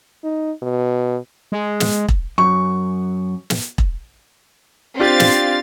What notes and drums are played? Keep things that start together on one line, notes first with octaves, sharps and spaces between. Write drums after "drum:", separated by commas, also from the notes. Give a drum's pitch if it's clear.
D#4
B2
G#3
drum: snare
drum: kick E1
F#2 C#6
drum: snare
drum: kick E1
C4 D4 F4 G4 F5 A6
drum: snare